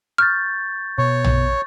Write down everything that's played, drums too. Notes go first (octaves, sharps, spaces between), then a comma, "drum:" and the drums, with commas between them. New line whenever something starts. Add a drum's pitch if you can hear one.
C#6 F6 G6 A6
B2 C#5 C#6
drum: tom A#1